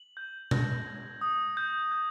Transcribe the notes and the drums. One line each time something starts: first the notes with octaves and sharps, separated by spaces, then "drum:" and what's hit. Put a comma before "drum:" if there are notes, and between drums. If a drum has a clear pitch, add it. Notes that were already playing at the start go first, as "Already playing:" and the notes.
Already playing: F#7
G6
A#6, drum: tom B2
G#6
D#6
G6
G6